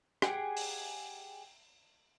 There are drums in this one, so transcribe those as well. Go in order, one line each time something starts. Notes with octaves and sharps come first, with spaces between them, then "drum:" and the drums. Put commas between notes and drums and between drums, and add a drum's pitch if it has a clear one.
G4 G#4 F#5 G5, drum: rim click
drum: open hi-hat